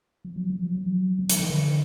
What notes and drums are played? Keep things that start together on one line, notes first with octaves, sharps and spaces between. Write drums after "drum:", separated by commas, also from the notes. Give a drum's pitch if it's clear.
F3
F#3
F3
F#3
F3
F#3
F3
E3, drum: hi-hat
D#3
D3